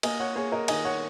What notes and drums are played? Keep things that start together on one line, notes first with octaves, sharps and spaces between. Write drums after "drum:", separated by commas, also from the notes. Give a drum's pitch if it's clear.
A#3 D#5 G#5, drum: cymbal
C#5 F#5
A#3 G#4 C#5
A#4 D#5
D#3 D#5 G#5, drum: cymbal
C#5 F#5